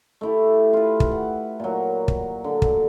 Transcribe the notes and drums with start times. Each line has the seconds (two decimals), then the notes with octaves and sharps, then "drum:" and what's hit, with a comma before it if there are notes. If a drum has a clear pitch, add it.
0.21 A3 E4 G4
0.73 F4 B4
1.00 drum: kick
1.11 F#5
1.60 A#2 F#3
2.08 drum: kick
2.44 D3
2.62 drum: kick